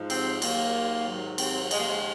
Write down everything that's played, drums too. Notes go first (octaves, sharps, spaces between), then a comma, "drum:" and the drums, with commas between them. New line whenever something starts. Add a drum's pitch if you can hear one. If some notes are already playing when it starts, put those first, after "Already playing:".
Already playing: G#2 F3
C4, drum: cymbal
D#2 D#3 F#3 A#3, drum: cymbal
G#2 D#3 F#3
C4, drum: cymbal
D#2 C#3 F3 G#3, drum: cymbal
A#3
G#3